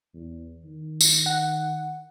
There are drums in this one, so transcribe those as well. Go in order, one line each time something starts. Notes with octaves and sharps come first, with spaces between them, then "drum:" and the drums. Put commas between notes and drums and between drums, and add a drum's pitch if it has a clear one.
E2
D#3
drum: tambourine
F#5